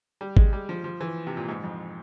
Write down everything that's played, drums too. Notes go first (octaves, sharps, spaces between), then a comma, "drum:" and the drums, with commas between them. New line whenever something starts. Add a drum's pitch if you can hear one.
G3
G#3, drum: kick G#1
G3
F3
F3
E3
C3
A#2
G#2
F2